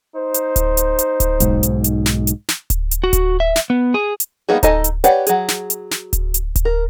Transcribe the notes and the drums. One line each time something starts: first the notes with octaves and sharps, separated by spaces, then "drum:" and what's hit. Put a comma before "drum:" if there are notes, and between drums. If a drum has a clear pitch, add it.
D#4 C5
drum: hi-hat
drum: kick D1, hi-hat
drum: hi-hat
drum: hi-hat
drum: kick D1, hi-hat
B1 G#2, drum: hi-hat
drum: hi-hat
drum: hi-hat
drum: snare
drum: hi-hat
drum: snare
drum: kick D1, hi-hat
drum: hi-hat
F#4
drum: kick D1, hi-hat
E5
drum: snare
B3
G#4
drum: hi-hat
G3 A#3 B3 D#4 G#4
D#4 A4 D#5 G#5, drum: kick D1, hi-hat
drum: hi-hat
G4 B4 C#5 D5 F#5, drum: hi-hat
F#3 G#4, drum: hi-hat
drum: snare
drum: hi-hat
drum: snare
drum: kick D1, hi-hat
drum: hi-hat
drum: kick D1, hi-hat
A#4